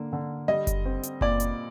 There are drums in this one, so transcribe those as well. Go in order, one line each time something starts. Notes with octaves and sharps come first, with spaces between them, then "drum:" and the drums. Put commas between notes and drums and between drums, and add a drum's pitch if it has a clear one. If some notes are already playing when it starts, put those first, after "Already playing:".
Already playing: D3 A#3
D3
G3 D#5
drum: kick F#1, hi-hat
C4
drum: hi-hat
A#2 D5, drum: kick F#1
drum: hi-hat